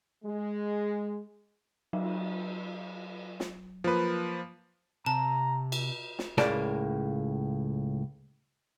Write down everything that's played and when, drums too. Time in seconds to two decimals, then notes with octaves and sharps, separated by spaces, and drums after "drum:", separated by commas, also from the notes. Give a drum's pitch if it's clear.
0.25 G#3
1.93 F#3, drum: cymbal
3.40 drum: snare
3.84 F3 A#3 B4
5.06 C3 A5 A#5
5.72 drum: cymbal
6.19 drum: snare
6.38 C#2 A2 A#3 D5 A5, drum: snare